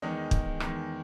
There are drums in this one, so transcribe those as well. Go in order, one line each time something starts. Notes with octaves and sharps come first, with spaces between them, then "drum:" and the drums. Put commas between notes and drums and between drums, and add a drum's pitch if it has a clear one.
E2 D#3 G#3 D#4
drum: kick
E2 D#3 G#3, drum: rim click